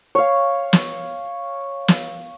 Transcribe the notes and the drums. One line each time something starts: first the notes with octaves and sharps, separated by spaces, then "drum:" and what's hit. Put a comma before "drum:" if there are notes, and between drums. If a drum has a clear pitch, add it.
C#5 F5
drum: snare
drum: snare